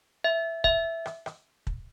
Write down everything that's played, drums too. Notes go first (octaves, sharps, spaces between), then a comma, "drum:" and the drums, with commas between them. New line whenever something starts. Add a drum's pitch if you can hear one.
E5
E5, drum: kick
drum: rim click
drum: rim click
drum: kick